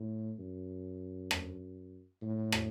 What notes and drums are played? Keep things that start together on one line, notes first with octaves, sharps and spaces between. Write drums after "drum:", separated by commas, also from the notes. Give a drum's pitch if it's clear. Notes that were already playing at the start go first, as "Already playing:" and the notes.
Already playing: A2
F#2
drum: rim click
A2
drum: rim click